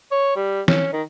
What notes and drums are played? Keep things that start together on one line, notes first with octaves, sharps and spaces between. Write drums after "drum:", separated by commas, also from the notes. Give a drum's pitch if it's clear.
C#5
G3
C#4, drum: snare E3
D#3